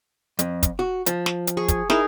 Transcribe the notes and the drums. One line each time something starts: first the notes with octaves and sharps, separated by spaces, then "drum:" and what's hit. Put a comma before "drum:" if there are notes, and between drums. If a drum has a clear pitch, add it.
F2, drum: hi-hat
drum: kick, hi-hat
F#4
F3, drum: hi-hat
drum: snare
drum: hi-hat
G#4 C#6
drum: kick, hi-hat
D#4 E4 G#4 A#4, drum: snare